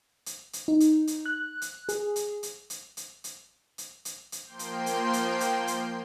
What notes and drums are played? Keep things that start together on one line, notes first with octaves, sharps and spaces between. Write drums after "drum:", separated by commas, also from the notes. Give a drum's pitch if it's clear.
drum: hi-hat
drum: hi-hat
D#4
drum: hi-hat
drum: hi-hat
F#6
drum: hi-hat
G#4, drum: hi-hat
drum: hi-hat
drum: hi-hat
drum: hi-hat
drum: hi-hat
drum: hi-hat
drum: hi-hat
drum: hi-hat
drum: hi-hat
F3 A#3 G5 C6 G6
drum: hi-hat
drum: hi-hat
drum: hi-hat
drum: hi-hat
drum: hi-hat